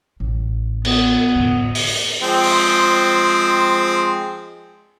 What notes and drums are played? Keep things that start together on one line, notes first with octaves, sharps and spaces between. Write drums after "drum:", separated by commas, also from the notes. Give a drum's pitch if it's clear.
A1
B3, drum: cymbal
A2 D3
drum: open hi-hat
F3 G#3 C4
drum: open hi-hat